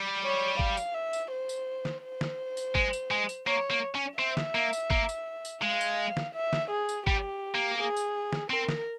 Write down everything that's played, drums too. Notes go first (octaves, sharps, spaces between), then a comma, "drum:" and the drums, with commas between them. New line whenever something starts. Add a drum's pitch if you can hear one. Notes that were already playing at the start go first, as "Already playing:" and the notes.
Already playing: G3
C#5
F5, drum: kick
drum: tambourine
E5
drum: tambourine
C5
drum: tambourine
drum: snare
C5
drum: snare
drum: tambourine
G#3, drum: kick
drum: tambourine
G#3
drum: tambourine
A#3 C#5
A#3
C#4
C4 E5
drum: snare
A#3
drum: tambourine
A#3, drum: kick
drum: tambourine
drum: tambourine
G#3 F5
drum: tambourine
drum: snare
E5
drum: snare
G#4
drum: tambourine
G3 G4, drum: kick
A#3
G#4
drum: tambourine
drum: snare
C4 A#4
drum: snare